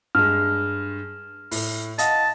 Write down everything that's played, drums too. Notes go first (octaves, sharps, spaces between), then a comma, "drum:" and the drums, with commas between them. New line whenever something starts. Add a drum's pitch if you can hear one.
G2 G#3 F6
A2, drum: open hi-hat
D#5 F5 F#5 A5, drum: hi-hat